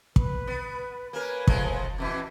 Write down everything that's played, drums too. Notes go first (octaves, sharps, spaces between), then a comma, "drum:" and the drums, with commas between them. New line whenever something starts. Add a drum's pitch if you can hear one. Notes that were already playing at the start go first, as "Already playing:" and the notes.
B4 B5, drum: kick
B3
A#3 A#4 B4 C#5 G#5
F1 F3 G#3 A3, drum: kick
F2 B2 E3 E5